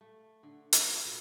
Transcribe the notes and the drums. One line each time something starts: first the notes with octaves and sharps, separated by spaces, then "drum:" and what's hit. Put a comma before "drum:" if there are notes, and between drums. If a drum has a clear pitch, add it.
A3
D3
F4, drum: hi-hat
B2